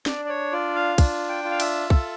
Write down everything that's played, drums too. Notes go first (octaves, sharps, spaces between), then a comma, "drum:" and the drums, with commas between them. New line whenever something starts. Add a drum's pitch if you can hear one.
D4 D5, drum: snare
D5
C#5
F4 D5
F5
D4, drum: kick, cymbal
G5
F4
F5
E5, drum: cymbal
A4, drum: kick